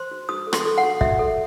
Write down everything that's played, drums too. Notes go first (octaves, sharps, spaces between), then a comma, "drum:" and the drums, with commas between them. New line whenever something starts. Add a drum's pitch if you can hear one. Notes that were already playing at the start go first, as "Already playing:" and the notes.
Already playing: C5 C6
F#4
F#4 D#6
A4
C6, drum: rim click
A4
F#5
F#4
F#4 E5, drum: kick
A4